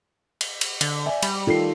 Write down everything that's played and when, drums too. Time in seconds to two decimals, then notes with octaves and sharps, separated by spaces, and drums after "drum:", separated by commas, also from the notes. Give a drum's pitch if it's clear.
0.41 drum: cymbal
0.61 drum: cymbal
0.81 D3, drum: cymbal
1.06 D5 E5 G#5
1.23 G3 B5, drum: cymbal
1.47 D#3 F4 A4 C7